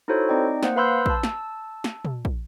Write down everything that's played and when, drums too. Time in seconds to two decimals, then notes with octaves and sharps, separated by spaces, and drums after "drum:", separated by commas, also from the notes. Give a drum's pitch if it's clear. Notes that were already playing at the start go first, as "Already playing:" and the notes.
0.08 D#4 E4 F#4 A4 C5 C#5
0.29 C4 D#4 D5 D#5 G5
0.63 A#3 C5 F#5, drum: snare
0.76 B4 F5 B5 C6 E6 G6
1.06 A5 E6, drum: kick
1.23 drum: snare
1.84 drum: snare
2.05 drum: tom
2.25 drum: kick